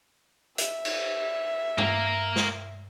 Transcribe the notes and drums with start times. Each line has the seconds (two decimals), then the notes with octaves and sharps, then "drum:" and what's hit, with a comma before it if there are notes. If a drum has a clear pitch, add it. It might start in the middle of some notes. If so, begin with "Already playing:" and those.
0.58 E5, drum: hi-hat
0.85 drum: cymbal
1.78 A#3 A#4, drum: tom G2
2.36 drum: snare